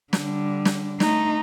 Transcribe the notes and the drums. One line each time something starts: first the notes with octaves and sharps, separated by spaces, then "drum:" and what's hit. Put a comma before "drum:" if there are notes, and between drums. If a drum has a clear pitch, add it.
D3 G3, drum: snare
drum: snare
A3 D#4, drum: snare